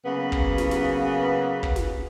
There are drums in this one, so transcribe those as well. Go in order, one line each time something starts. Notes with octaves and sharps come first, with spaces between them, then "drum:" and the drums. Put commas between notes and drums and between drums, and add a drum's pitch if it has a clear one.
C#3 F#3 A#3 B3 F#4 B4
drum: kick
drum: snare
drum: snare
drum: kick
drum: snare